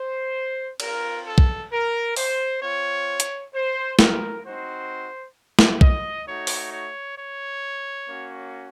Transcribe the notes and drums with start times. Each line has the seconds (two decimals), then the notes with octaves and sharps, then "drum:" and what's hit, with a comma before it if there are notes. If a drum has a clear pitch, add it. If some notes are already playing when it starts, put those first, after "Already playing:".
Already playing: C5
0.80 C4 F4 A#4, drum: cymbal
1.26 A4
1.38 drum: kick
1.72 A#4
2.16 C5, drum: open hi-hat
2.62 C4 F4 C#5
3.20 drum: hi-hat
3.54 C5
3.99 A#4, drum: snare
4.45 C4 D#4 F#4 C5
5.59 drum: snare
5.81 D#5, drum: kick
6.27 A3 D#4 F#4 C#5
6.47 drum: open hi-hat
6.72 C#5
7.18 C#5
8.08 A#3 C#4 F#4